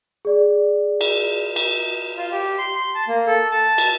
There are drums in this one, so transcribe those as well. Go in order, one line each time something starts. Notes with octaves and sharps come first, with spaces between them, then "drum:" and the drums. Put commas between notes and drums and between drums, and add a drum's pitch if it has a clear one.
G#4 D5
drum: cymbal
drum: cymbal
F4
G4
C6
C6
A5
A#3
A4
A5
drum: cymbal